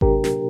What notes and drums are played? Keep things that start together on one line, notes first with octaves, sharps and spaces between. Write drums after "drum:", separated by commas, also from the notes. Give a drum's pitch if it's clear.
C3 F#3 A#3 D4 G4 A#4, drum: kick G#1
drum: snare